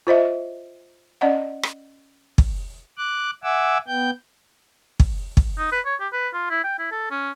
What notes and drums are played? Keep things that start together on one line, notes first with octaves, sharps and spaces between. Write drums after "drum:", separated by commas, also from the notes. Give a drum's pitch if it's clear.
F4 C5 D#5 E5
C#4 D5 D#5 F#5
drum: rim click
drum: kick
D6 F#6
E5 F#5 G#5 D6 E6
B3 G5 G6
drum: kick
drum: kick
D#4
B4
C#5
G4
B4
F4
E4
G5
E4
A4
C#4